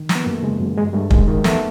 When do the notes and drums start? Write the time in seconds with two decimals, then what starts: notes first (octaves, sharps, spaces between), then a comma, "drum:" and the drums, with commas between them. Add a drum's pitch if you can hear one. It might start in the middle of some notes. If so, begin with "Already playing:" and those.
Already playing: D#3
0.09 E3, drum: snare
0.15 B3
0.24 F#2 A#3
0.33 A3
0.43 C#3 G#3
0.60 F#2
0.77 G2 G#3
0.93 G2 G3 A3
1.10 D#3 G#3, drum: kick
1.28 D#3
1.44 F2 A3 B3, drum: snare